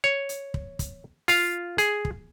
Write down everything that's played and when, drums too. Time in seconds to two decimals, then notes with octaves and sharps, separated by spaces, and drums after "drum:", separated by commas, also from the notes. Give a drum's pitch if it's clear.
0.04 C#5
0.29 drum: hi-hat
0.54 drum: kick
0.79 drum: kick, hi-hat
1.28 F4 F5, drum: open hi-hat
1.78 G#4, drum: hi-hat
2.05 drum: kick